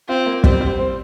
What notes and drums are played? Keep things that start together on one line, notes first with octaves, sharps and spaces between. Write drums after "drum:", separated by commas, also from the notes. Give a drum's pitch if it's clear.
C4 F4
A#3
G3 C4, drum: kick
G3
C4